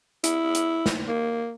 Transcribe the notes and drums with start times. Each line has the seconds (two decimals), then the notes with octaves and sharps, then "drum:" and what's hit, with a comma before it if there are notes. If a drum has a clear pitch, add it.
0.24 E4, drum: hi-hat
0.55 drum: hi-hat
0.86 drum: snare
1.08 A#3